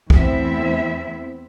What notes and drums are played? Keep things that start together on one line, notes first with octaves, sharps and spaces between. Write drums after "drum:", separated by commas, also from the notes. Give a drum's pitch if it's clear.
E2 A3 B3 C4 E4 E5, drum: kick